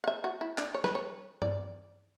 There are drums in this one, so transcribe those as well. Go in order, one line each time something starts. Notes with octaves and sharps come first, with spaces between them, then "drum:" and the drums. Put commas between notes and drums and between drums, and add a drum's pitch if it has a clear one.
F#5
E5
F#4
E4
D4, drum: clap
C#5
B4, drum: snare
C#5
D5, drum: tom G2